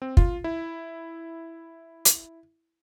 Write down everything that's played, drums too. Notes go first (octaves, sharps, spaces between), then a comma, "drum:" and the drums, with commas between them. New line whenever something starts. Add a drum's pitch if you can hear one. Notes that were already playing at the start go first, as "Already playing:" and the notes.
C4
F4, drum: kick
E4
drum: hi-hat